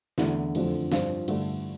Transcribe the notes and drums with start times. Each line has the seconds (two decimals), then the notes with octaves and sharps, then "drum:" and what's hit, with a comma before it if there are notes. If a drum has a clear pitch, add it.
0.18 E2 D3 A3 E4, drum: snare
0.55 F2 D3 F3 A3, drum: cymbal
0.92 G2 F3 C4 F4, drum: snare
1.28 G2 D3 A3 D4, drum: cymbal